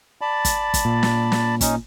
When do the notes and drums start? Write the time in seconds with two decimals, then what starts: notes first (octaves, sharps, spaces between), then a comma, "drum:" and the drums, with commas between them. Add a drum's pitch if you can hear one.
0.21 D5 A5 B5
0.45 drum: kick, hi-hat
0.74 drum: kick, hi-hat
0.85 A#2
1.03 drum: snare
1.32 drum: snare
1.61 C#4 D#4, drum: kick, hi-hat